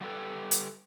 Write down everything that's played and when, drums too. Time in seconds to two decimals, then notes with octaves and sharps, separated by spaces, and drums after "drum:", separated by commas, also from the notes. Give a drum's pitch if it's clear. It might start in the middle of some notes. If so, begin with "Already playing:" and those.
0.01 G3 F#4 G4 A4 B4
0.51 drum: hi-hat